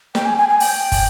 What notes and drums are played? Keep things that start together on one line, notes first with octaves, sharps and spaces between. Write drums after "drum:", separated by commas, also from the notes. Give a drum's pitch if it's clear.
G5, drum: snare
G#5
G#5
G#5
G5, drum: open hi-hat
drum: kick, open hi-hat